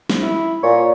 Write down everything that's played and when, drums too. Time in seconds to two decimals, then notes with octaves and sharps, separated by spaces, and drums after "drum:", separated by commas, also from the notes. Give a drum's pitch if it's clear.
0.10 drum: snare
0.22 E4
0.63 A#2 C#5